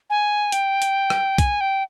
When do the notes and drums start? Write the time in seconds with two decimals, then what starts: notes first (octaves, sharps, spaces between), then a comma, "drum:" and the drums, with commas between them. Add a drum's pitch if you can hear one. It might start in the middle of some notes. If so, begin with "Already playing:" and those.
0.10 G#5
0.52 G5, drum: hi-hat
0.82 drum: hi-hat
1.10 drum: rim click
1.38 G#5, drum: kick B1, hi-hat
1.61 G5